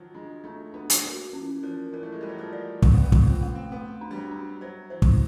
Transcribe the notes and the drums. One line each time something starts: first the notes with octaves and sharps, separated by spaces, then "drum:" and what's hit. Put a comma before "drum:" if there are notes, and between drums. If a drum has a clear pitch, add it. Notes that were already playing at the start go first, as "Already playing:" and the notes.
Already playing: D#3 F3 F#3
G#3 D4
A3 D4
B3 D4
drum: hi-hat
A#3 F#4
E3 C#4
F3 A#4
E3 A#4
A3
G#3
G3 A#4
F#3
F3
D5
A3 B3, drum: kick
C4
B3
F4, drum: kick
C4
A3
C4
A3 B3
D4
G3
F#3
D4
F#3 C5
E3 C5
drum: kick